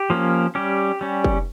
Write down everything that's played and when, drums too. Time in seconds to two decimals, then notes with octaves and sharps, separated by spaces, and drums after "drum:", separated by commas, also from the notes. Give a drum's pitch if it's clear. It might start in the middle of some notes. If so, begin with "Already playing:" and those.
Already playing: G4
0.10 F3 A#3 C#4
0.55 G3 C#4 G4
1.01 G3 C#4
1.24 drum: kick